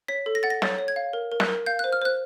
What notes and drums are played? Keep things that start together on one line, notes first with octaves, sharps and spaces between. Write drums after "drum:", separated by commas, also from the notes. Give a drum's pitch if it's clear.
C#5 B6
A4
A#6
F#5 A6
A#6
C#5 A6, drum: snare
C#5
G#6
F5
A#4
A#4
F#6, drum: snare
A#4
F5 G6
C5 F#6
F6
C5 F#6